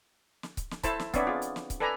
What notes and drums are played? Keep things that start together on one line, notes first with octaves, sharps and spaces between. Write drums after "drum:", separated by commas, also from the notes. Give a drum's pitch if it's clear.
drum: snare
drum: kick C#1, hi-hat
drum: snare
E4 A4 C5 A5 B5, drum: kick C#1, hi-hat
drum: snare
B3 C4 D4 C#5 D5 E5, drum: kick C#1, hi-hat
F4 G#4
drum: hi-hat
drum: snare
drum: kick C#1, hi-hat
A4 B4 D5 G#5 A#5 B5